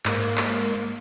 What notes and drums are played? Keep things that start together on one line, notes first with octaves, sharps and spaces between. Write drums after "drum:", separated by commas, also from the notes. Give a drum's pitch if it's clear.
G#2 A#3, drum: clap
drum: clap